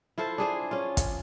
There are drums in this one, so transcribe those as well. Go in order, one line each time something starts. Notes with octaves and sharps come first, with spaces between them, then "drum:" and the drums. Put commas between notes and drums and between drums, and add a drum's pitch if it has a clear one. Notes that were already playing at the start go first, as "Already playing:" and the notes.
E4 F4 A4 C5
D4 G#4 C5
C#4 F4
drum: kick, hi-hat